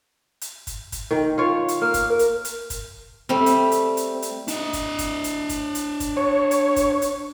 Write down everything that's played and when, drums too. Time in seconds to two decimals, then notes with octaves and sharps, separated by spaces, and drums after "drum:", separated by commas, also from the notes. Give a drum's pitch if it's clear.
0.41 drum: hi-hat
0.67 drum: kick, hi-hat
0.92 drum: kick, hi-hat
1.11 D#3
1.38 F4 C#5
1.68 drum: hi-hat
1.81 A#3 F6
1.94 drum: kick, hi-hat
2.10 A#4
2.19 drum: hi-hat
2.45 drum: hi-hat
2.70 drum: kick, hi-hat
3.29 G3 A3 C4
3.46 drum: hi-hat
3.72 drum: hi-hat
3.97 drum: hi-hat
4.22 drum: hi-hat
4.48 D4 D#5, drum: hi-hat
4.73 drum: kick, hi-hat
4.99 drum: kick, hi-hat
5.24 drum: hi-hat
5.49 drum: kick, hi-hat
5.75 drum: hi-hat
6.00 drum: kick, hi-hat
6.17 C#5
6.51 drum: hi-hat
6.76 drum: kick, hi-hat
7.02 drum: hi-hat